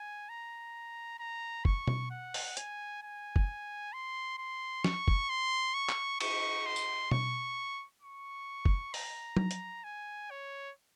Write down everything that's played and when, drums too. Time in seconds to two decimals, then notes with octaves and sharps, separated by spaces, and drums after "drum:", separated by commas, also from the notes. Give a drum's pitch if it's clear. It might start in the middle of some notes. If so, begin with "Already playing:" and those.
Already playing: G#5
0.29 A#5
1.20 A#5
1.65 C#6, drum: kick F#1
1.87 drum: tom B2
2.11 F#5
2.34 drum: open hi-hat
2.57 G#5, drum: hi-hat
3.03 G#5
3.36 drum: kick F#1
3.93 C6
4.38 C6
4.84 C#6, drum: snare
5.08 drum: kick F#1
5.30 C6
5.74 C#6
5.89 drum: clap
6.20 C#6, drum: cymbal
6.66 C6
6.76 drum: tambourine
7.11 C#6, drum: tom B2
8.02 C#6
8.65 drum: kick F#1
8.94 A#5, drum: open hi-hat
9.37 drum: tom F#3
9.51 drum: hi-hat
9.84 G#5
10.31 C#5